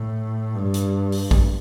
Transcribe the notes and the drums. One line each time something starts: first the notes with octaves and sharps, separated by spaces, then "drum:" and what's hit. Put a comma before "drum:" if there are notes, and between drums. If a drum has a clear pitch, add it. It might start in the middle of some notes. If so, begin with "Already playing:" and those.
Already playing: A2
G2
drum: hi-hat
drum: open hi-hat
drum: kick